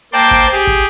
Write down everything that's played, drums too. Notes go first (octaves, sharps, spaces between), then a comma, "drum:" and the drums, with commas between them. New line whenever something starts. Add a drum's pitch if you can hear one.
A#3 C5 D5 G5 A5
drum: kick
G4 G#4
drum: kick